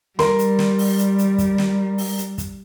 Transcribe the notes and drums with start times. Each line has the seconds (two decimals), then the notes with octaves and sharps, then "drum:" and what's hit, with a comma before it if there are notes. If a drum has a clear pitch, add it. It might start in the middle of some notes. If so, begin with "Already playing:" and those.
0.19 G3 A#4 C6, drum: snare
0.39 drum: hi-hat
0.59 drum: snare
0.79 drum: open hi-hat
0.98 drum: hi-hat
1.18 drum: hi-hat
1.38 drum: kick, hi-hat
1.58 drum: snare
1.98 drum: open hi-hat
2.18 drum: hi-hat
2.38 drum: kick, hi-hat